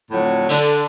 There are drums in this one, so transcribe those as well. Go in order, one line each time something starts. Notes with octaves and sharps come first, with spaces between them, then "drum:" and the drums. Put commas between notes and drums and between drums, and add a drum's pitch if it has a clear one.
F2 A2 D3 F#3
D3, drum: cymbal